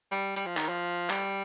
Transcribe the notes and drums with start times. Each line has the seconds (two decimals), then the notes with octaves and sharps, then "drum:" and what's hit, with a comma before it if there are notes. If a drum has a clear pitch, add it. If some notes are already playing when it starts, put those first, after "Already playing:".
0.12 G3
0.36 G3, drum: hi-hat
0.46 F3
0.57 D#3, drum: clap
0.69 F3
1.10 G3, drum: clap